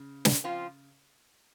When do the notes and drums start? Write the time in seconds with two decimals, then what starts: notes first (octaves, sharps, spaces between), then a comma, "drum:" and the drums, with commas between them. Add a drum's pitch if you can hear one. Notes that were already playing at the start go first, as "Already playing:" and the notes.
Already playing: C#3
0.25 drum: snare
0.44 F3 C4 F4